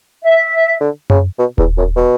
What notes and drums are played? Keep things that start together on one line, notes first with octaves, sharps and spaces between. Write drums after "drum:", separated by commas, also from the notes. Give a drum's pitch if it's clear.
E5
D3
C#3, drum: tom F#2
B2
E2, drum: kick D#1
F#2
B2